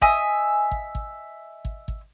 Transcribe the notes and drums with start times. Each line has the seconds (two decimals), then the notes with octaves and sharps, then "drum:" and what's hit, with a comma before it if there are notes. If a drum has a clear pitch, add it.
0.02 D#5 E5 G#5 D#6, drum: kick
0.71 drum: kick
0.95 drum: kick
1.65 drum: kick
1.88 drum: kick